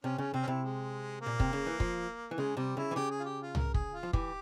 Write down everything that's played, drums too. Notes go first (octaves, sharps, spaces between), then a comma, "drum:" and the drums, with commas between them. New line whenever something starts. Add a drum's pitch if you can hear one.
C3 C#4
C#3 C#4
C3 C4
C#4
C3 E4
G#3
A#3
A#2
C3, drum: kick
C#3
E3
F3, drum: kick
E3
C#3 G#3
C3 G3
C#3 E4
E3
C#3 G4
G#4
F4
G4
F4
A#4, drum: tom
G#4, drum: kick
F4
F3
E3 G4, drum: kick